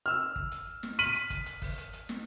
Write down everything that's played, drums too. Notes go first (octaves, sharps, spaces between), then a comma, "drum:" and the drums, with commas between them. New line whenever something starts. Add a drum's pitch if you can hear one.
E6 F6
drum: kick
drum: hi-hat
drum: snare
F6 B6 D#7 F#7, drum: hi-hat
drum: hi-hat
drum: kick, hi-hat
drum: hi-hat
drum: kick, open hi-hat
drum: hi-hat
drum: hi-hat
drum: snare